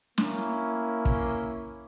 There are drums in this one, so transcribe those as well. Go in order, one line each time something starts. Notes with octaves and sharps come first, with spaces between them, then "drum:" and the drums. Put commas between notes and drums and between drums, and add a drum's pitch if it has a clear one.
A#3 C#4 E4, drum: snare
drum: kick